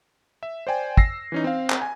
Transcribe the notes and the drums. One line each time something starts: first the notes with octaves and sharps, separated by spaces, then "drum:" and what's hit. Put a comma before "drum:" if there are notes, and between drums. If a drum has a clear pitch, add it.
E5
C5 D5 G5 G#5
E6 A#6 C7, drum: kick
E3 C#4 D#4
C4 F5
drum: clap
G#5